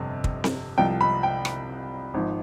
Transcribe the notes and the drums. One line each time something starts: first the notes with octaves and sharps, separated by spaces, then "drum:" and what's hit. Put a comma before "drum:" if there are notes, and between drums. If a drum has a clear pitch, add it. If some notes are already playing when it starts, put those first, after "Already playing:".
Already playing: G1 F2 C3
drum: kick
drum: snare C4
C2 C3 F3 G5
B5
G5
drum: rim click
G#1 G#2 F3